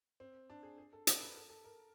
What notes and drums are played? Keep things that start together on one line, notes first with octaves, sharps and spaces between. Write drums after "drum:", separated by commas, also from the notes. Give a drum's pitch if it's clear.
C4
D4
G#4
G#4
A4
A#4, drum: hi-hat
B4
A4
A4
A#4